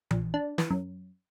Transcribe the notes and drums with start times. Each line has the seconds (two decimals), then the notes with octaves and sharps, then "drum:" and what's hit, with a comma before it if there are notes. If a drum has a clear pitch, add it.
0.11 A#1, drum: tom E3
0.34 D4
0.58 E3, drum: snare
0.71 F#2